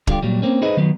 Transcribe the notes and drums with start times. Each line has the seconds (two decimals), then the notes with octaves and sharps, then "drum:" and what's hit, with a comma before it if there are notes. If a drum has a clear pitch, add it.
0.07 D3 G3 F4 G4, drum: kick
0.23 A#2 F#3 G3
0.42 A#3 C4 C#4
0.62 D#4 E4 G#4 B4 C5 D#5
0.77 D#3 F#3 B3